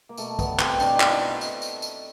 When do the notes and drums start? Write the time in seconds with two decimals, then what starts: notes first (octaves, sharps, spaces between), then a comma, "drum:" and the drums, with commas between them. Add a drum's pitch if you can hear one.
0.09 A#3
0.18 B2 A3, drum: tambourine
0.39 G3 B3, drum: kick, tambourine
0.59 G3 C4, drum: clap
0.80 B2 D4, drum: tambourine
0.95 D#4
1.00 B2, drum: clap
1.10 E4
1.41 drum: tambourine
1.62 drum: tambourine
1.82 drum: tambourine